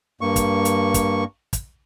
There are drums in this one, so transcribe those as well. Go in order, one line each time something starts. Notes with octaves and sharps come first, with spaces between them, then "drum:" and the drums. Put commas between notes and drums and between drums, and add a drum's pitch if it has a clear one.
G2 A#3 C#6
drum: kick, hi-hat
drum: hi-hat
drum: kick, hi-hat
drum: kick, hi-hat